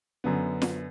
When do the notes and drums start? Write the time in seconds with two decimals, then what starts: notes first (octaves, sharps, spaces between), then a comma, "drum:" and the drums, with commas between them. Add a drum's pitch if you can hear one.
0.24 F#2 D3 B3
0.62 drum: snare